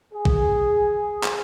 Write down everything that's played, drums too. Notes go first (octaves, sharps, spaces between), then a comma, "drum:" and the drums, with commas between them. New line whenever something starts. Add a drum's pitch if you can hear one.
G#4
drum: kick A#1
drum: clap